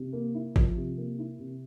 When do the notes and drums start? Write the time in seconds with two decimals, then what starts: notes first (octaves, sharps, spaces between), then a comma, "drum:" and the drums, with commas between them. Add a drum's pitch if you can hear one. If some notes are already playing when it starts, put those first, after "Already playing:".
Already playing: C3
0.13 A#3
0.34 E4
0.56 F3, drum: kick G#1
0.76 C3
0.98 A#3
1.19 E4
1.39 C3